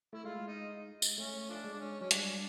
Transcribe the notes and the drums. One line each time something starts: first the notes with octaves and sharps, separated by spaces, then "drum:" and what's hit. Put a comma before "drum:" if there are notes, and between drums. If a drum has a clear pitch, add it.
A3 E4
G#3 F4
D#4
drum: tambourine
A3 C#4
F3 D4
G#3
D4
C#4
F#3 C#4
G3 D4, drum: hi-hat